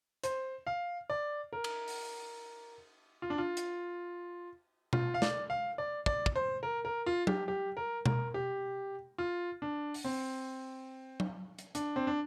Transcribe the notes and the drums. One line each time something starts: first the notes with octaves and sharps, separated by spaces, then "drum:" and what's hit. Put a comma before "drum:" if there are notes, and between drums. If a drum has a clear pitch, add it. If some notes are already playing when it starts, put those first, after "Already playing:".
C5, drum: hi-hat
F5
D5
A#4
drum: cymbal
drum: open hi-hat
F4
D4
F4
drum: hi-hat
F4, drum: tom B2
F5
D5, drum: snare
F5
D5
D5, drum: kick
drum: kick
C5
A#4
A#4
F4
G4, drum: tom
G4
A#4
A#4, drum: tom B2
G4
F4
D4
drum: open hi-hat
C4
drum: tom
drum: hi-hat
D4, drum: hi-hat
C4
D4